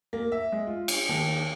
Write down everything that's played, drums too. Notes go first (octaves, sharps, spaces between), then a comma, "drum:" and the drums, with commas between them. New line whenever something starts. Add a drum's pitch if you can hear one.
A#3
E5
G#3
F4
drum: cymbal
D#2